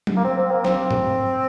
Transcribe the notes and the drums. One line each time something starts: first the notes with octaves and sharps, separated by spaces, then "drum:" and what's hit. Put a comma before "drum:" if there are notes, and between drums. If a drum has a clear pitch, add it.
drum: tom F#3
A#3
C4
C4
A#3
C4, drum: snare
drum: tom G#2